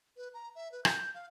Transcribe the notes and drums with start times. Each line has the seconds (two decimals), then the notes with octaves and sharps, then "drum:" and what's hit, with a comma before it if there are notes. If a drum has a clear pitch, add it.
0.17 B4
0.34 A#5
0.55 E5
0.72 B4
0.85 G6, drum: rim click
1.14 F5